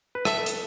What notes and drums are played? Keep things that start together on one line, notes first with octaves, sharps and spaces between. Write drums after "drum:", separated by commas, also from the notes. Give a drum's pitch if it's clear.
B4
A4 E5, drum: rim click
drum: hi-hat